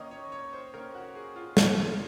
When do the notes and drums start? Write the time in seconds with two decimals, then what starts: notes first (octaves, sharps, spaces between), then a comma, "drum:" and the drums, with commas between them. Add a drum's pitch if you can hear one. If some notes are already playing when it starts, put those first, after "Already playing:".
Already playing: D#3 A#3 C#4 D#5
0.11 C#5
0.32 C#5
0.53 C5
0.74 D#3 A#3 C#4 A#4
0.95 F#4
1.15 G#4
1.36 F4
1.57 C#3 G#3 C#4, drum: snare
1.78 F4